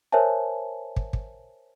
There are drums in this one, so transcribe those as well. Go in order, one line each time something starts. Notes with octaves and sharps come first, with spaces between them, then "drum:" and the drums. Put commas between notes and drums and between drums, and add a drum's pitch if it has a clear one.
A#4 C5 C#5 E5 G#5 A5
drum: kick
drum: kick